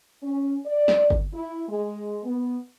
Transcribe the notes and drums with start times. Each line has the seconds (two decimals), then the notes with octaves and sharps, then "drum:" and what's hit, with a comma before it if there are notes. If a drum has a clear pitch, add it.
0.22 C#4
0.66 D5
0.88 drum: snare
1.10 drum: kick G1
1.34 E4
1.69 G#3
2.24 B3